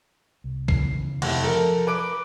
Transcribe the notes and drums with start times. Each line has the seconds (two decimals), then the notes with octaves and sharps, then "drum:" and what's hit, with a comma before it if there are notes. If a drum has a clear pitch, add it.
0.44 C2
0.68 C#3 E3 B3 C7, drum: kick B1
1.22 F1 E4, drum: cymbal
1.43 F3 A4 A#4
1.87 B4 D6 D7